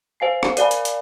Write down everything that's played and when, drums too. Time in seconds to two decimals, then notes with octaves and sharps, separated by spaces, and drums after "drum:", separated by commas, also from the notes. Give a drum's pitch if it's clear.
0.20 C5 F5 G#5 C7
0.43 drum: rim click
0.57 A#4 D5 F5 G#5 B5, drum: hi-hat
0.71 drum: hi-hat
0.85 drum: hi-hat